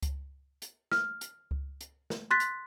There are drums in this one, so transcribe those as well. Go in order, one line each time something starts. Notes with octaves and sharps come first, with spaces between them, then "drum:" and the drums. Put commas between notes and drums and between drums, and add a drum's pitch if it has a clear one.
drum: kick C#2, hi-hat
drum: hi-hat
F6, drum: snare
drum: hi-hat
drum: kick C#2
drum: hi-hat
drum: snare
C6 F#6 A6 B6
drum: hi-hat